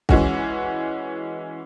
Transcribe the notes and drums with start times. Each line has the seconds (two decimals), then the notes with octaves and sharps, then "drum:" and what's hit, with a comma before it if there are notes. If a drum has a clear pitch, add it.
0.09 E3 G#3 C#4 F#4, drum: kick